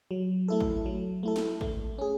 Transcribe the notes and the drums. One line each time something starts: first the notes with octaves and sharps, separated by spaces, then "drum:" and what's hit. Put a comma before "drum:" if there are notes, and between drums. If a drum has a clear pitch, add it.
F#3
A3 E4 A4
drum: kick
F#3
A3 E4 A4
drum: snare
A3, drum: kick
C#4 G#4